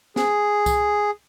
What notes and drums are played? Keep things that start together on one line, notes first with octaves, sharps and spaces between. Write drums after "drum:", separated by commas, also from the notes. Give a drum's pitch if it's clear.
G#4, drum: snare
drum: kick C2, tambourine